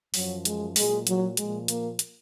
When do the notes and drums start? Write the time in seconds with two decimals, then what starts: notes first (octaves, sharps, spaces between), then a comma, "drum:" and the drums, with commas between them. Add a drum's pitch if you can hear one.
0.14 F#2 F3 F#3, drum: open hi-hat
0.45 G#3, drum: hi-hat
0.76 A#2 F#3 G#3, drum: open hi-hat
1.07 F#3, drum: hi-hat
1.37 A#2 F3 G#3, drum: hi-hat
1.68 A#3, drum: hi-hat
1.99 drum: hi-hat